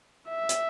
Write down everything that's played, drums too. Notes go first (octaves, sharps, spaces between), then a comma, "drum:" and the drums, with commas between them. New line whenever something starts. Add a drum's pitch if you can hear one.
E5
drum: hi-hat